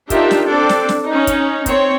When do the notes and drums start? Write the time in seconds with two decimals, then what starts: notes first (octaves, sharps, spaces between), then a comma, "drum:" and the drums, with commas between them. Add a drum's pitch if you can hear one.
0.10 D4 D#4 F4 G4 A#4 E5, drum: kick, hi-hat
0.31 drum: snare
0.46 C4 D4 A4 D5
0.69 drum: snare
0.89 drum: snare
1.06 C#4 D#4
1.27 drum: kick, hi-hat
1.66 C4 C#5, drum: kick, hi-hat